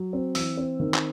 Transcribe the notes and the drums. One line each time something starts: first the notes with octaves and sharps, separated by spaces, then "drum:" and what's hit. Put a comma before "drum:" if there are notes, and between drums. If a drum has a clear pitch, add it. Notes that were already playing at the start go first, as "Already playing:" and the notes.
Already playing: F#3
C4
E3 E6, drum: open hi-hat
C4
D#3
drum: clap